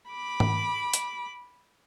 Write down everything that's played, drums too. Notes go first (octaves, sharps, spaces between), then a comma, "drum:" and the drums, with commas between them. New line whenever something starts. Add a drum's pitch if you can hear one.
B5 D6
drum: tom G#2
drum: hi-hat